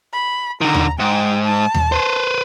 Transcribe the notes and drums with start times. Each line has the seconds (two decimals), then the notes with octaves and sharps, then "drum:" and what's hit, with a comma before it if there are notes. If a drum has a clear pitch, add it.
0.13 B5
0.61 D3 D#3 A#5
0.74 drum: tom D#2
0.99 G#2 G5
1.45 A5
1.74 drum: tom D#2
1.92 B4 C5